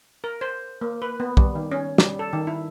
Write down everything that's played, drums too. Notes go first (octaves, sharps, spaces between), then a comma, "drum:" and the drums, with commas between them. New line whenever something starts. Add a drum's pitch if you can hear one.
A#4
C5
A#3
B4
B3
G3, drum: kick
D#3
C#4
G3, drum: snare
A4
D#3
E4